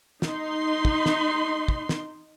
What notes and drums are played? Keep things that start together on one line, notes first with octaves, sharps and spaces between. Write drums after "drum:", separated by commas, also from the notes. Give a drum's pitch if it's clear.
D#4 C6, drum: snare
drum: kick
drum: snare
drum: kick
drum: snare